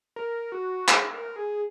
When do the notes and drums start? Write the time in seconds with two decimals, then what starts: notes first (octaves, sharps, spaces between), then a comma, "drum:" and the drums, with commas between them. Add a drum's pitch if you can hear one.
0.16 A#4
0.52 F#4
0.88 G#4, drum: clap
1.13 A#4
1.36 G#4